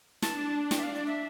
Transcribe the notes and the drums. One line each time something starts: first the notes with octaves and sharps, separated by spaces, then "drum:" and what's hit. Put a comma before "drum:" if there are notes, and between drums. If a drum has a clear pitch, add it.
D4 A5, drum: snare
G5, drum: snare
E5
F5
D5
E5